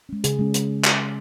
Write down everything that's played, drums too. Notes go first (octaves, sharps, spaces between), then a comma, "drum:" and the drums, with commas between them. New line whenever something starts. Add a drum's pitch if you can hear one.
G#3 C#4
C#3 G#4, drum: hi-hat
G#3 C#4
drum: hi-hat
drum: clap